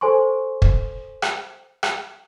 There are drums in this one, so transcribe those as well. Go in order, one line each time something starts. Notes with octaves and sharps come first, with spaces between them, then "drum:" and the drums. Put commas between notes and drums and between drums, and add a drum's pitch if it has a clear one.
A4 C5 G#5 C6 C#6
drum: kick
drum: rim click
drum: rim click